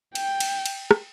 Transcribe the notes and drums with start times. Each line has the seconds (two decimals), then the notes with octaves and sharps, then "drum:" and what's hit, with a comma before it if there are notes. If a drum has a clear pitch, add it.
0.15 G5, drum: cymbal
0.40 drum: cymbal
0.66 drum: cymbal
0.91 drum: rim click